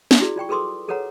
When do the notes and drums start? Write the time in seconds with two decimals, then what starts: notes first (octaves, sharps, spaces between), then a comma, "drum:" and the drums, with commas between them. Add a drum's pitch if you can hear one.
0.11 drum: snare
0.20 E4 F#4 G#4 D5
0.36 F4 D5 G5 C#6
0.49 G#4 A4 B4 C6 D6 D#6
0.88 G#4 A4 B4 C#5 F#5 A#5